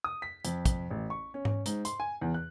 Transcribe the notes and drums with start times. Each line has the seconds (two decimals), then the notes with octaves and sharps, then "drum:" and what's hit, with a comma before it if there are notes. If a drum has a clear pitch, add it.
0.04 D#6
0.22 B6
0.45 F2, drum: hi-hat
0.66 drum: kick, hi-hat
0.91 A1
1.10 C#6
1.34 C#4
1.45 drum: tom G#2
1.66 G#2, drum: hi-hat
1.85 C6, drum: hi-hat
2.00 G#5
2.21 E2
2.34 F#6